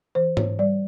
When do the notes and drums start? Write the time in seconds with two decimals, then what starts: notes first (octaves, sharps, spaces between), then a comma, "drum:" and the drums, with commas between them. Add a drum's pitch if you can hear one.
0.15 E3 C5
0.37 C#5, drum: tom G#2
0.59 G3 D5